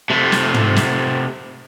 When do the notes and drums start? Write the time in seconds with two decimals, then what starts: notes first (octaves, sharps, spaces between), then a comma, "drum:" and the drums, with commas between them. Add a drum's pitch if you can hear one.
0.10 C3 A3
0.32 drum: snare
0.54 drum: tom
0.76 drum: snare